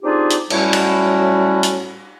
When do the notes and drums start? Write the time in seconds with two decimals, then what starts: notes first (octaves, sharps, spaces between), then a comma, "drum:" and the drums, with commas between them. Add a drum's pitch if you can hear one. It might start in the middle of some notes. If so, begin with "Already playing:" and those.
0.03 C4 D4 D#4 F4 G4 G#4
0.30 drum: hi-hat
0.50 A2 F#3 G3 C#4 E4 F#4, drum: cymbal
0.73 drum: cymbal
1.63 drum: hi-hat